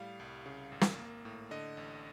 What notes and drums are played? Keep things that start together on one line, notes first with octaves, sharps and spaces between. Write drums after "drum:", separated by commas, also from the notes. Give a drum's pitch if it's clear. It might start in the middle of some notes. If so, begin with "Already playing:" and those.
Already playing: A2 G3 F5
C2
C#3
G#1
drum: snare
A#3
A2
D3 D#5
A1